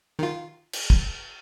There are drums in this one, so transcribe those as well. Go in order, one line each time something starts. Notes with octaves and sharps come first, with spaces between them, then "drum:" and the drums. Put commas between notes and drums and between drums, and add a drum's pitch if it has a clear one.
D#3 F4
drum: cymbal
drum: kick